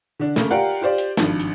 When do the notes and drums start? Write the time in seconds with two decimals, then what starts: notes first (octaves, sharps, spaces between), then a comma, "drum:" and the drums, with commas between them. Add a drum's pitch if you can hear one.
0.19 D3 D4
0.36 C#3 A3 A#3, drum: snare
0.51 F4 G4 A#4 D5 F#5 G5
0.81 F4 G4 C5 D5
0.98 drum: hi-hat
1.17 G#1 G2 F3, drum: snare
1.40 drum: hi-hat